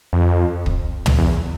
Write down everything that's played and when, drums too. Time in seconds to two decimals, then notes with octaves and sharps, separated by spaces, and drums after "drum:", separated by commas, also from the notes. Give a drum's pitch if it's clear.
0.13 F2
0.66 drum: kick
1.06 drum: tom
1.19 E2